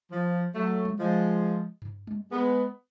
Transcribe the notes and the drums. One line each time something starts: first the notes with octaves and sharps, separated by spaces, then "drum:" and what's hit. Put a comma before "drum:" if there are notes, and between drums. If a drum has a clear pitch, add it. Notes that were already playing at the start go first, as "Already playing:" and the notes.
F3
F#3 A3
drum: tom G3
F3 G#3
drum: tom G2
drum: tom G3
G#3 B3